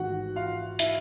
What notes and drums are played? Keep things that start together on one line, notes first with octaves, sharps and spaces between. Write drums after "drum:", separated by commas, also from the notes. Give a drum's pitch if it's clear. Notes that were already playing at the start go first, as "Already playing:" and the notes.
Already playing: A1 G#2 D#3 F#4 F#5
F4 F5
E4 E5, drum: hi-hat